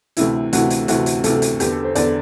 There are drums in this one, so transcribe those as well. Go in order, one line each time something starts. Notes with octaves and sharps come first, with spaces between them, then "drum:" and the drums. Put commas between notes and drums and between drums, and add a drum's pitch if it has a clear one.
D2 C3 E3 E4, drum: hi-hat
D2 C3 E3 F#4, drum: hi-hat
drum: hi-hat
D2 C3 E3 F#4, drum: hi-hat
drum: hi-hat
D2 C3 E3 A4, drum: hi-hat
drum: hi-hat
E2 D3 G4, drum: hi-hat
A4
C5
E2 D3 D5, drum: hi-hat